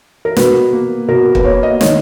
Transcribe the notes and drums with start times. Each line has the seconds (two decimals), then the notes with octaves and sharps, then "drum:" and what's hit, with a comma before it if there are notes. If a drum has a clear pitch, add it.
0.25 A#4
0.36 B2 B4, drum: snare
0.73 A#3
1.08 B2 A#4
1.35 B4, drum: kick
1.45 A#3 C#5
1.63 D#5
1.81 D#3 C#5, drum: snare